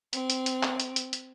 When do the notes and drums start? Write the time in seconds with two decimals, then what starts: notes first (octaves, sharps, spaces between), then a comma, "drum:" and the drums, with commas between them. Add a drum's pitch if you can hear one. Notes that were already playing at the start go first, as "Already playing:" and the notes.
0.13 C4, drum: hi-hat
0.30 drum: hi-hat
0.46 drum: hi-hat
0.63 drum: clap
0.80 drum: hi-hat
0.96 drum: hi-hat
1.13 drum: hi-hat